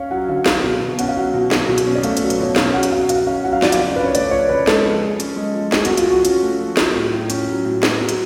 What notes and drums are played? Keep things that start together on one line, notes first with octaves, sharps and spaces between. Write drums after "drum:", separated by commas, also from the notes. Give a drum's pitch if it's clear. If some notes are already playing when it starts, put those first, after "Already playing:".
Already playing: C#4 C#5 F5
F#3 F#5
D3 F5
F#3 F5, drum: snare
B2
B2
C#4 F#5, drum: hi-hat
F5
F#3 F#5
B2
F#3, drum: snare
B2
drum: hi-hat
C#4
D5
A3 F5, drum: hi-hat
C#5, drum: hi-hat
F#3
B4, drum: hi-hat
B2 C#5
C#4 F5, drum: snare
F#3 F#5
drum: hi-hat
F#3 F5
F#4 F5, drum: hi-hat
C#4 F5
F#3 F#5
F5
F3 D5, drum: snare
F5, drum: hi-hat
C#3
D4 B4
C#5
A3 D5, drum: hi-hat
F3 C#5
C#3 B4
G#3 A4, drum: snare
F3
G#4
C#4, drum: hi-hat
G#3
F3
A3 G#4, drum: snare
F#4, drum: hi-hat
F3
F4, drum: hi-hat
F3 F#4
C#4, drum: hi-hat
A3
F3
F#3 F4, drum: snare
A2
A2
C#4, drum: hi-hat
F#3
A2
B3, drum: snare
F#3
drum: hi-hat